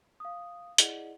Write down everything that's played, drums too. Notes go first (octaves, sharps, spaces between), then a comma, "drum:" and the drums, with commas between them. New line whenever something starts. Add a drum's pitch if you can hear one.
F5 D#6
E4 G#4 D5 D#5 F#5, drum: hi-hat